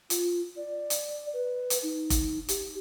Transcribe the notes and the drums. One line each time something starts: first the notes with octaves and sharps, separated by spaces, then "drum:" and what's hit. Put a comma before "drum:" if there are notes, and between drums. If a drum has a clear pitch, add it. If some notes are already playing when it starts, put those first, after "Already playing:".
F4, drum: hi-hat
D5
drum: hi-hat
B4
drum: hi-hat
D#4
drum: kick F1, hi-hat
G4, drum: hi-hat